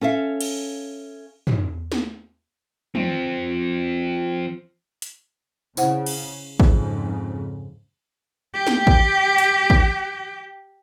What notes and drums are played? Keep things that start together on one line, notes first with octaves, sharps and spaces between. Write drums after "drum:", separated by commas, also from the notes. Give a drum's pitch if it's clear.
C#4 A4 E5 F5
drum: cymbal
drum: tom
drum: snare
F3 C4, drum: tom
drum: hi-hat
C#3 E4 C5 F#5, drum: tambourine
drum: cymbal
F2 G#2 C#3, drum: kick A1
G4 G5
drum: snare
drum: kick A1
drum: hi-hat
drum: kick A1